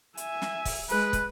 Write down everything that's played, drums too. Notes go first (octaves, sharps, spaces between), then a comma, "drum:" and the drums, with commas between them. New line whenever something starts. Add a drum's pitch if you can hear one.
E5 G#5, drum: hi-hat
drum: snare
drum: kick, open hi-hat
G#3 B4, drum: hi-hat
drum: kick, hi-hat